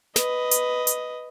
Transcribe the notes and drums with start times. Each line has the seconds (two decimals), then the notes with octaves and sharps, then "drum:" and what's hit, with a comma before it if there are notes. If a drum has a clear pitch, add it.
0.16 B4 D#5, drum: snare
0.51 drum: hi-hat
0.87 drum: hi-hat